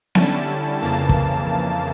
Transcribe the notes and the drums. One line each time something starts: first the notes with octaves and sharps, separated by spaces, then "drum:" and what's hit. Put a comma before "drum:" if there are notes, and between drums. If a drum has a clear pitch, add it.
D3 G3 C#4 E4 A5, drum: snare B3
F2 C#3 E3 A#3 A5
drum: kick